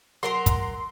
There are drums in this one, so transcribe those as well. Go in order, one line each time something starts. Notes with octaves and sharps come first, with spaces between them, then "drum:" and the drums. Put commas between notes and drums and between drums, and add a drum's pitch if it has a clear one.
F#3 A#4 A#5 C6
drum: kick, hi-hat